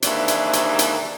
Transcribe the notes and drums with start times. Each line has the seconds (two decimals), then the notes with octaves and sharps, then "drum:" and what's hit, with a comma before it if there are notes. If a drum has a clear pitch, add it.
0.02 D#2 G#2 C3 E3 D4, drum: hi-hat
0.28 drum: hi-hat
0.53 drum: hi-hat
0.79 drum: hi-hat